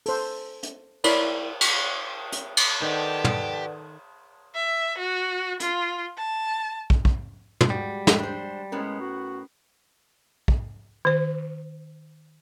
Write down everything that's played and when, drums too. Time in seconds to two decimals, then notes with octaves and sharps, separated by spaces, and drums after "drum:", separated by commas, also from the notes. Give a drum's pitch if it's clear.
0.06 A4 C5, drum: open hi-hat
0.63 drum: hi-hat
1.04 E4 A#4 C#5 D5 B5, drum: cymbal
1.61 drum: cymbal
2.32 drum: hi-hat
2.57 drum: cymbal
2.82 D#3 G4 A4 B4 D5 F#5 A5
3.24 drum: tom
4.55 E5
4.98 F#4
5.60 F4, drum: hi-hat
6.18 A5
6.90 drum: kick
7.05 drum: kick
7.61 drum: tom
7.70 G3 G#3 F#4 G4
8.07 drum: snare
8.19 D4 C5
8.72 A2 G#3 B3 C#4 A#4
9.00 F#4
10.48 drum: kick
11.05 D#3 C5